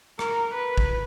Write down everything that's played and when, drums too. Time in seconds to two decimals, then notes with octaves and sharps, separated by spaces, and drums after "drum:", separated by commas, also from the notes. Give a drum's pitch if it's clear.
0.19 A#4, drum: rim click
0.54 B4
0.78 drum: kick